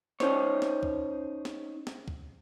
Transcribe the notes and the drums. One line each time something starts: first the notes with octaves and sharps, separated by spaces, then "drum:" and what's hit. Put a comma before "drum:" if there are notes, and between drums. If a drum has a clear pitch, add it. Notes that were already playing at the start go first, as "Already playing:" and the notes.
C#4 D#4 C5 C#5, drum: snare
drum: snare
drum: kick
drum: snare
drum: snare
drum: kick